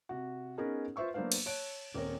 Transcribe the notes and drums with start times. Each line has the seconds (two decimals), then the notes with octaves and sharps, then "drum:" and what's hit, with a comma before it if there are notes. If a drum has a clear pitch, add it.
0.09 C3 F#4
0.58 B3 C#4 D#4 G#4 A#4 B4
0.96 F4 B4 C5 E5 C#6 E6
1.14 F#3 A#3 B3 D4 C5 F5
1.32 drum: cymbal
1.46 C#5 A5 F#6 D7
1.94 D#1 C4 A#4 C#5